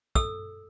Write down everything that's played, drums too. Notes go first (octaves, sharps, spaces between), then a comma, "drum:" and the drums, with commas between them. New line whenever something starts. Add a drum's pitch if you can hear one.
A4 E6, drum: kick